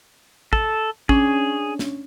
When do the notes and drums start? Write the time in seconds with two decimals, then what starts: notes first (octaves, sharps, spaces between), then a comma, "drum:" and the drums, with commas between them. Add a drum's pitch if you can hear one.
0.53 A4, drum: kick
1.09 C#4 D4 G#4, drum: kick
1.79 drum: snare